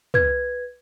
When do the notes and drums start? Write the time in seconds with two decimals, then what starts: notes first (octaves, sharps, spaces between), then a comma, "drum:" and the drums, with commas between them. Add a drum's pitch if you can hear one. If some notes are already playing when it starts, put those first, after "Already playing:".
0.14 B4 G#6, drum: tom